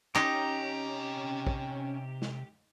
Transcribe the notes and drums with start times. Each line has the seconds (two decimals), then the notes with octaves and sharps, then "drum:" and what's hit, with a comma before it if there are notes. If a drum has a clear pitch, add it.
0.15 C3 C#4 D#4 G4 A#5, drum: clap
1.47 drum: kick
2.22 drum: snare